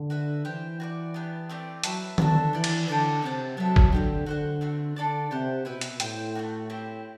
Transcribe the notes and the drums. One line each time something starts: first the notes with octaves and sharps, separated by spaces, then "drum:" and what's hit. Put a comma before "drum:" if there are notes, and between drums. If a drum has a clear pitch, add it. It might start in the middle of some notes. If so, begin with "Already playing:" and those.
Already playing: D3
F#4 B4 E5
E3 G4 C5 G5
F#4 B4 D5
B3 D4 G4
A3 C4 G4 D5
F#3 F#4 B4 E5 A5, drum: hi-hat
D3 D4 F#4 A4 E5, drum: tom D#3
E3 G4 D5 F#5
drum: cymbal
D3 D4 A4 D5 G5
C3 G4 D5 F#5 A5
F#3 B3 D4 A4 E5
drum: kick
D3 C4 E4 G4
D3 F#4 C5 F#5
A3 C4 F#4
D3 D4 A4 D5 A5
C3 G4 C5 F#5
B2 E4 B4 E5
drum: hi-hat
A2 C4 G4 C5 G5, drum: hi-hat
A3 D4 F#4
C4 E4 G4 C5